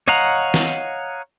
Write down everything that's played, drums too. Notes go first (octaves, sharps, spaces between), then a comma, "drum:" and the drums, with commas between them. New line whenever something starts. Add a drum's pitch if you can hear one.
C#5 D#5 F5 F#5 A#5
drum: snare